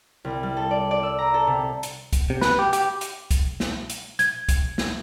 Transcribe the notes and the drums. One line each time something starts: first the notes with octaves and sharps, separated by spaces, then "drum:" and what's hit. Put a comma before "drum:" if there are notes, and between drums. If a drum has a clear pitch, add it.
C2
G3
A4
D5
D5
E6
A#5
A4
C3
drum: hi-hat
drum: kick, hi-hat
C3
B4, drum: snare
G4
G4, drum: hi-hat
drum: hi-hat
drum: kick, hi-hat
drum: snare
drum: hi-hat
G#6, drum: hi-hat
drum: kick, hi-hat
drum: snare